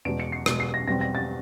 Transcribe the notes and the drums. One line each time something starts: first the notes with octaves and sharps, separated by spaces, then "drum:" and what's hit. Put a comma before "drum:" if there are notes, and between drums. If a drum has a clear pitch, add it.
E2 B2 G#3 D7
C#7
C7
E2 B2 G#3 C7, drum: rim click
C7
A#6
E2 B2 G3 C4 A#6
A#6
A6